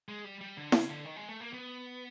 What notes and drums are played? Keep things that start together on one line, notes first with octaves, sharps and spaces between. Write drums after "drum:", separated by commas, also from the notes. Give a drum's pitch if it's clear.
G#3
G3
G3
D3
C#3, drum: snare E4
D3
D#3
G#3
A3
A#3
B3